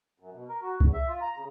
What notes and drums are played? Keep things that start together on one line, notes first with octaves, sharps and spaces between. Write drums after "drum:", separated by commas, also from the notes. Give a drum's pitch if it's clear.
F#2
B2
A#4
F#4
E2, drum: kick C2
E5
F4
A#5
C#3